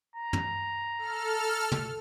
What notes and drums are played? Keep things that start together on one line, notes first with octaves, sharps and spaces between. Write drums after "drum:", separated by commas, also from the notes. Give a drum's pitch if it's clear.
A#5
drum: tom
A4 F6
drum: tom